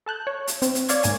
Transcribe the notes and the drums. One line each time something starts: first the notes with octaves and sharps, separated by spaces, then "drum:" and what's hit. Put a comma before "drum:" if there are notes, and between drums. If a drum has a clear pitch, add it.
A4 A5 F#6 G6
C#5
drum: hi-hat
C4, drum: hi-hat
drum: hi-hat
C#5 D5 F5 C#6 G#6, drum: hi-hat
G#2 A#3 G#5 G#6, drum: hi-hat